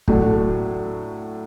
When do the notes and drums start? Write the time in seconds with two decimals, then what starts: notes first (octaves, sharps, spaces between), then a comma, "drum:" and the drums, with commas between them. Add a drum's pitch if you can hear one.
0.08 A2 F#3 A3 D4, drum: kick